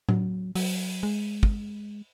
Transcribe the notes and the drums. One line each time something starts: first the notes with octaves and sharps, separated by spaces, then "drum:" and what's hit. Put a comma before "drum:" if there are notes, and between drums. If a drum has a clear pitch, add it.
F#3, drum: tom A2
F#3, drum: open hi-hat
G#3
drum: kick